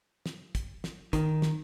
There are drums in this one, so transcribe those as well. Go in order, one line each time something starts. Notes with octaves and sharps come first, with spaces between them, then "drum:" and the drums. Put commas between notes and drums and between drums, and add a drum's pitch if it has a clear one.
drum: snare
drum: kick, hi-hat
drum: snare
D#3, drum: kick, hi-hat
drum: snare